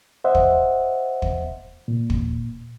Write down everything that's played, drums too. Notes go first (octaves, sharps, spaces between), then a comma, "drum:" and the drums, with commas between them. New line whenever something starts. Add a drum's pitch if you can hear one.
C5 D#5 E5 F#5
drum: kick
drum: kick
A#2
drum: kick